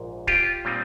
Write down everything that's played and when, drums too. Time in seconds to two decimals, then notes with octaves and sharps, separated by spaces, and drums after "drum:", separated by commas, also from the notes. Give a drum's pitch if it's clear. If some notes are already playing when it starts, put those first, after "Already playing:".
Already playing: A#1 G#2
0.27 F4 G4, drum: kick C#1
0.65 A#2 G3 C4 D#4